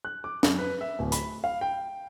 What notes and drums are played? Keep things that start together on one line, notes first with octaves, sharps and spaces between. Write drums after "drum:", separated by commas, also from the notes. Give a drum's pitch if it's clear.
F#6
D6
F#2, drum: snare
B4
E5
D1
B5, drum: hi-hat
F5
G5